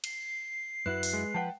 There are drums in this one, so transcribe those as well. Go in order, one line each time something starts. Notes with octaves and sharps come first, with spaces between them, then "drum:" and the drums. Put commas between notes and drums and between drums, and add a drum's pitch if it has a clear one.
C7, drum: cymbal
F#2 E4 F#4 B4 F#6
drum: open hi-hat
G#3
F3 B4 F#5 G5 A5